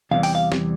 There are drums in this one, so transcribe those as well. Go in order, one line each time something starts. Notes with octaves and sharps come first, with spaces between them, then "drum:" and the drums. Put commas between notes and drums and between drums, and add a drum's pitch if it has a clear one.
E2 C3 E3 G3 F5
G5, drum: open hi-hat
F5
drum: snare